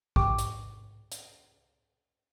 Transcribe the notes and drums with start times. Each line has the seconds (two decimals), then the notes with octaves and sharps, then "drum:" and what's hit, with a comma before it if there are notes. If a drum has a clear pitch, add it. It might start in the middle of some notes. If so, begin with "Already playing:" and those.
0.16 G4 G5 C#6 D6, drum: kick A1
0.39 drum: hi-hat
1.12 drum: hi-hat